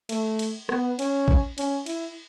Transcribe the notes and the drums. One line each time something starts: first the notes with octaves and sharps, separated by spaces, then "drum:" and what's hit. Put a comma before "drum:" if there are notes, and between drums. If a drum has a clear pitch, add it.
A3, drum: cymbal
drum: cymbal
B3, drum: rim click
C#4, drum: cymbal
drum: kick
C#4, drum: cymbal
E4, drum: cymbal